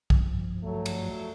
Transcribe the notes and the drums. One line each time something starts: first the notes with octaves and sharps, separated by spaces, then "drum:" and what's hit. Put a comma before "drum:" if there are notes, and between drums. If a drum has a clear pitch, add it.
G2 F3, drum: kick B1
F#3 A3
drum: cymbal